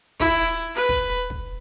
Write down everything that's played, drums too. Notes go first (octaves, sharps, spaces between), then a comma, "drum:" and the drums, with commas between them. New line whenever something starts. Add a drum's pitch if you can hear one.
E4, drum: kick
B4
drum: kick
drum: kick